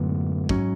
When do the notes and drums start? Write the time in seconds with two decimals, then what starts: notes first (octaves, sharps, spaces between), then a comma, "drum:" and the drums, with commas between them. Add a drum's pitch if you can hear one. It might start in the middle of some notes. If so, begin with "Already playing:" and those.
Already playing: F#2 A2 D3 G#3 B3
0.49 G#2 F#3 C#4, drum: kick